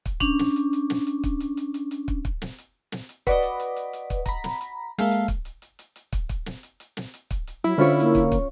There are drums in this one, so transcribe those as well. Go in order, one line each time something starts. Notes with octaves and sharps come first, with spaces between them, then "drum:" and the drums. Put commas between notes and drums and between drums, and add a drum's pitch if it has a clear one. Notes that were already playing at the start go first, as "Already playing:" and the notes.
drum: kick, hi-hat
C#4 D4, drum: kick, hi-hat
drum: snare
drum: hi-hat
drum: hi-hat
drum: snare
drum: hi-hat
drum: kick, hi-hat
drum: hi-hat
drum: hi-hat
drum: hi-hat
drum: hi-hat
drum: kick
drum: kick
drum: snare
drum: hi-hat
drum: snare
drum: hi-hat
F#4 B4 D5 D#5, drum: kick, hi-hat
drum: hi-hat
drum: hi-hat
drum: hi-hat
drum: hi-hat
drum: kick, hi-hat
A#5 B5, drum: kick, hi-hat
drum: snare
drum: hi-hat
G#3 A#3 A4 E5 F5
drum: hi-hat
drum: kick, hi-hat
drum: hi-hat
drum: hi-hat
drum: hi-hat
drum: hi-hat
drum: kick, hi-hat
drum: kick, hi-hat
drum: snare
drum: hi-hat
drum: hi-hat
drum: snare
drum: hi-hat
drum: kick, hi-hat
drum: hi-hat
F#3 E4, drum: hi-hat
D3 C#4 F4 C5 C#5
A#3, drum: hi-hat
drum: kick, hi-hat
drum: kick, hi-hat